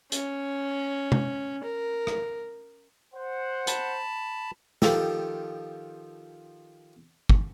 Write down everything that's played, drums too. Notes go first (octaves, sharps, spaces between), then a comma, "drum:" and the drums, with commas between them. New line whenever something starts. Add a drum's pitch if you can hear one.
C#4, drum: hi-hat
drum: tom C3
A#4
drum: rim click
C5 F#5
A5 B5, drum: hi-hat
D#3 F3 G4 A4, drum: snare
drum: kick